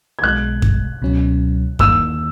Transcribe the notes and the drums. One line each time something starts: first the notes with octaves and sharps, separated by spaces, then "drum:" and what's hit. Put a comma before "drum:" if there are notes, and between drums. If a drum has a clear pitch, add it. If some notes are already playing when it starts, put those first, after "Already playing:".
G#6
B1 B2 G#3 F#6
drum: kick F#2
C#2 B2 F#3 C#4
D#2 D#3 A#3 E6, drum: kick F#2